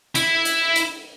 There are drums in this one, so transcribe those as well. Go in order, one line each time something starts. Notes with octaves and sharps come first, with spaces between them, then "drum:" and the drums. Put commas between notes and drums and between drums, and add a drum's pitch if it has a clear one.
E4, drum: hi-hat
drum: hi-hat
drum: hi-hat